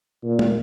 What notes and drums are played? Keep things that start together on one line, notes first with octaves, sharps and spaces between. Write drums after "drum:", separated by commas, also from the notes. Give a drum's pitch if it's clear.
A#2
drum: tom